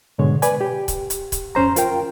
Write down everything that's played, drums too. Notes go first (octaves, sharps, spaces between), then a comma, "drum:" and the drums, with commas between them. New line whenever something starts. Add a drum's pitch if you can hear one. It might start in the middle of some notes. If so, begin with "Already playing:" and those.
G#2 B2 D3 G#3 C#5
B4 D5 G#5, drum: hi-hat
G4
drum: kick C#1, hi-hat
drum: hi-hat
drum: kick C#1, hi-hat
F2 C#4 C5 A#5
F4 A#4 G5, drum: hi-hat